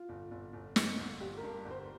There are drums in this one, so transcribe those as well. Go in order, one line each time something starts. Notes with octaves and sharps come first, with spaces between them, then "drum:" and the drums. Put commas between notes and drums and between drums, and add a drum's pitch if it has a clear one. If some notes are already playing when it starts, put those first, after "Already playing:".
Already playing: F4
G1
G1
G1
G1, drum: snare
G1
G1 G4
A#4
G2
G1
C5